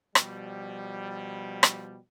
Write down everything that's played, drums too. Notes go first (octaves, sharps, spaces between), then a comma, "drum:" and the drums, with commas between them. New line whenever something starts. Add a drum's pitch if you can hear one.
B2 F3 G3, drum: rim click
drum: rim click